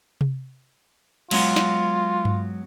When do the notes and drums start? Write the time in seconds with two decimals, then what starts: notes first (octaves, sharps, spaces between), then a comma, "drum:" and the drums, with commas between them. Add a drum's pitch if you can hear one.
0.21 drum: tom C3
1.31 F#3 G#3 B3 F4, drum: cymbal
1.56 drum: snare
2.25 drum: tom G2